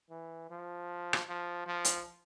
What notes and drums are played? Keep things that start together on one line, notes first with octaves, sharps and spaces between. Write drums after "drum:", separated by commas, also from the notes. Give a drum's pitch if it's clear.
E3
F3
drum: rim click
F3
F3
drum: hi-hat